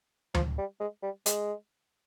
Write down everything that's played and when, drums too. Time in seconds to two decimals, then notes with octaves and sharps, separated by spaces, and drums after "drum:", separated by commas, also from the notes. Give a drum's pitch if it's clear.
0.34 F3, drum: tom D2
0.58 G3
0.80 G#3
1.03 G3
1.26 G#3, drum: hi-hat